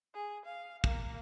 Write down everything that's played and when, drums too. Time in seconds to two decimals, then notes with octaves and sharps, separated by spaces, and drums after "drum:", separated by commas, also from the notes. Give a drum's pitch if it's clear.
0.14 G#4
0.45 F5
0.84 A#3, drum: kick